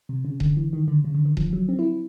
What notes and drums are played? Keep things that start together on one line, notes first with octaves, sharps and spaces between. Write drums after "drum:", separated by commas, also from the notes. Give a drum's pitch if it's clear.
C3
C#3
D3, drum: kick D#1
E3
D#3
D3
C#3
D3
D#3
F3, drum: kick D#1
F#3
C4
E4